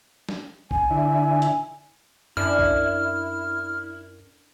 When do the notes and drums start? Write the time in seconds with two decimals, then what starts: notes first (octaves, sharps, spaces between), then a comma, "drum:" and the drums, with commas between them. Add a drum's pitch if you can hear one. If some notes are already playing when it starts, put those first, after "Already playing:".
0.29 drum: snare
0.71 G#5, drum: kick
0.90 D3 E4
1.42 drum: hi-hat
2.37 F#2 D4 E4 F6
2.59 drum: kick